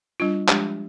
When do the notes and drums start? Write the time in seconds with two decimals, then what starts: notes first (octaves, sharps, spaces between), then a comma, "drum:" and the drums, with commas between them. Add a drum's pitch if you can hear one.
0.20 G3 D4 F4
0.48 F3 G#3 D4 G4, drum: clap